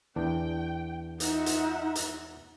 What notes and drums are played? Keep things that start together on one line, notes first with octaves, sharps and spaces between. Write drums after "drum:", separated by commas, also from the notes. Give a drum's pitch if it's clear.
E2 E3 D4 G5
D#4 F4 E5 F#5, drum: hi-hat
drum: hi-hat
drum: hi-hat